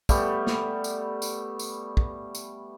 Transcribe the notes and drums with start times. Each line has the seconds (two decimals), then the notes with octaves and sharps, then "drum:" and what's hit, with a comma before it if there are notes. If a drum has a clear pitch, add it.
0.09 G3 A3 B3, drum: kick, tambourine
0.47 drum: snare
0.84 drum: tambourine
1.22 drum: tambourine
1.59 drum: tambourine
1.97 drum: kick
2.35 drum: tambourine